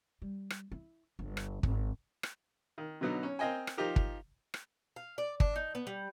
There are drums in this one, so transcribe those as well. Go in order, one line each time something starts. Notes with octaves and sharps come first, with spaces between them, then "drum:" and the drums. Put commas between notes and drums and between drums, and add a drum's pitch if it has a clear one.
G3
drum: rim click
E4
G1
drum: rim click
G#1, drum: kick
drum: rim click
D#3
B2 D3 F#3 B3 D#4
C#4
C4 A#4 D#5 G5 G#5
drum: rim click
F3 D#4 F4 G4 A#4
drum: kick
drum: rim click
F5
D5
D4, drum: kick
D#4
B3
G3